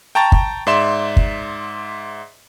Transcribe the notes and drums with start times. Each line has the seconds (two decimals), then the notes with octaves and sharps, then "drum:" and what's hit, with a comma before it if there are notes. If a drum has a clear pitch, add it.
0.15 G5 A5 A#5 C#6 A6
0.32 drum: kick
0.67 G#2 D5 E5 C6 E7
1.17 drum: kick